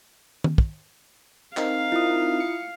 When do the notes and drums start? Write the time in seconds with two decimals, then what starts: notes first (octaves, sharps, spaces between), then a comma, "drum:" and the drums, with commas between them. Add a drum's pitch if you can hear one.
0.44 drum: tom
0.58 drum: kick
1.57 C4 D#4 A#4 F5, drum: clap
1.92 E4 F4 D#6
2.40 C#7